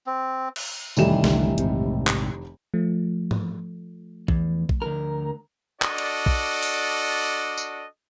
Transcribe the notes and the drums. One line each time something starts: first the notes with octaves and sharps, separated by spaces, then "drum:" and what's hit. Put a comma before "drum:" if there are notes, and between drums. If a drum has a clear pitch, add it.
C4
drum: cymbal
F1 A2 D#3 E3 G3 E7, drum: tambourine
C2 D3, drum: snare
A#1 G#2 C3, drum: hi-hat
drum: clap
F3 A3
drum: tom
E2, drum: kick A#1
drum: kick A#1
D2 A#4
D4 F#4 A4 D5 D#5, drum: clap
drum: cymbal
drum: kick A#1
drum: open hi-hat
drum: tambourine